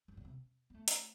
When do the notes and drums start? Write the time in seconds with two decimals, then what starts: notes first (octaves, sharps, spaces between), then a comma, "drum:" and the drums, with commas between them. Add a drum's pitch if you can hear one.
0.08 F#2
0.17 B2
0.25 C3
0.70 B3
0.74 A3
0.88 drum: hi-hat